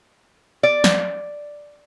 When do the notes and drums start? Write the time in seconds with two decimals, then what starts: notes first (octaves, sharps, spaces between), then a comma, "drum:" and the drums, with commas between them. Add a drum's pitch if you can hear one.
0.63 D5
0.84 drum: snare